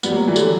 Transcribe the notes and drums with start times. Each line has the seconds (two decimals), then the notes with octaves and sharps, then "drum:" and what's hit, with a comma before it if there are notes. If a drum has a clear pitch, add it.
0.03 G3 B3, drum: tambourine
0.11 F#3 A#3
0.28 E3 G3
0.36 D3 F#3, drum: tambourine